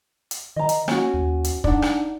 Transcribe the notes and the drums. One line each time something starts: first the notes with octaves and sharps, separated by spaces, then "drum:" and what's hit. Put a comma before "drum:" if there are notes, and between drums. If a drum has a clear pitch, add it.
drum: hi-hat
D#3 D#5 A#5
drum: hi-hat
A#3 C#4 F#4, drum: rim click
D#2
drum: hi-hat
D4 D#4 F#5, drum: kick
drum: rim click